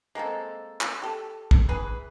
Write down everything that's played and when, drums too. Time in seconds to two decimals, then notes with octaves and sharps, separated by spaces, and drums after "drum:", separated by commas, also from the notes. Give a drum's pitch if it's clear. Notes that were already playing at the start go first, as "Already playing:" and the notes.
0.15 G#3 A#3 C4 A4
0.81 drum: clap
1.02 G4 A4
1.51 drum: kick
1.69 E3 G#4 B4